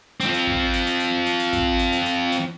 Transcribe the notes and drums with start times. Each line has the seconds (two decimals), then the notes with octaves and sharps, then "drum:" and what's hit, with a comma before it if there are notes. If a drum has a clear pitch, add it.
0.21 F3 C4, drum: hi-hat
0.34 drum: hi-hat
0.47 drum: kick
0.73 drum: hi-hat
0.87 drum: hi-hat
1.00 drum: hi-hat
1.26 drum: hi-hat
1.39 drum: hi-hat
1.53 drum: kick, hi-hat
1.79 drum: hi-hat
1.92 drum: hi-hat
2.06 drum: hi-hat
2.32 drum: hi-hat